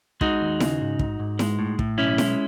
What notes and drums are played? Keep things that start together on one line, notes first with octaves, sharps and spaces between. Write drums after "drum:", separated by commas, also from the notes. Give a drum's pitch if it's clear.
G#3 D#4 F#4, drum: kick
D#2
C#3, drum: snare E4
G#2
G#2, drum: kick
G#2
G#3, drum: snare E4
A2
A2, drum: kick
B1 C#4 E4
G#3, drum: snare E4